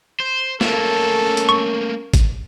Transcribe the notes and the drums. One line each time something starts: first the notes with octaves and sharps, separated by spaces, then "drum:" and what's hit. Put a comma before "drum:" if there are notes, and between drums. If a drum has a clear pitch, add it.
C5
A3 A#3 C#4 A4 A#4, drum: snare
drum: hi-hat
C#6
drum: kick G#1, hi-hat